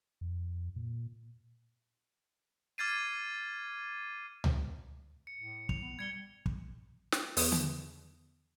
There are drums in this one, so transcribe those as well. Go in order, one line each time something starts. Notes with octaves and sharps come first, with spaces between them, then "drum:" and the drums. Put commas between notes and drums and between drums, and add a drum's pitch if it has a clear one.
F2
A#2
D6 F6 G#6 A6 C7 D#7
drum: tom C#2
C#7
A2
F7, drum: kick
B3
G3 G#6 C#7 G7
drum: kick
drum: snare
E2 D#6, drum: open hi-hat
drum: tom D3